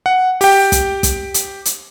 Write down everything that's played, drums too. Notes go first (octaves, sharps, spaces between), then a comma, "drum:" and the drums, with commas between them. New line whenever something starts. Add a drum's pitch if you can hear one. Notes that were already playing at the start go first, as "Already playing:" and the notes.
F#5
G4 G5, drum: open hi-hat
drum: kick, hi-hat
drum: kick, hi-hat
drum: hi-hat
drum: hi-hat